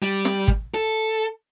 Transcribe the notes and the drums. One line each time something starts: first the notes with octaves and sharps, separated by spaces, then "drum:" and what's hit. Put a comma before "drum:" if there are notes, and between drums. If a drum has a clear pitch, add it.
G3
drum: snare
drum: kick
A4